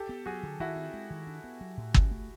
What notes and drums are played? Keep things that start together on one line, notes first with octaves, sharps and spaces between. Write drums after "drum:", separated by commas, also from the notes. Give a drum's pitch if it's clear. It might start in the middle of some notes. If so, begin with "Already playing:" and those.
Already playing: G4 A4
B3
F#3 F#4 G#4
D3
D#3 E4 F#4
C4
G#3
D#3
D4
B3
F#3
A2
C#4, drum: kick
A3